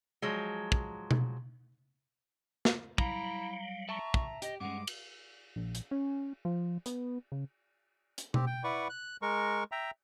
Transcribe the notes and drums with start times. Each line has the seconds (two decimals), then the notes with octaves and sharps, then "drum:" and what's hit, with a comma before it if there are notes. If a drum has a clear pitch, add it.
0.22 F3 F#3 G#3
0.72 drum: kick
1.11 drum: tom B2
2.65 drum: snare
2.98 F#3 G3 E4 F5 A#5, drum: kick
3.89 E5 A5 A#5 C#6
4.14 drum: kick
4.42 G4 D#5, drum: hi-hat
4.60 G2 G#3 C#4 F#5 D6
4.87 drum: cymbal
5.56 A#1
5.75 drum: hi-hat
5.91 C#4
6.45 F3
6.86 B3, drum: hi-hat
7.32 C#3
8.18 drum: hi-hat
8.34 C4 G4, drum: tom B2
8.46 G5
8.64 E4 B4 D5 F#5 C#6
8.89 F#6
9.22 G#3 A#4 C#6
9.72 E5 G5 A#5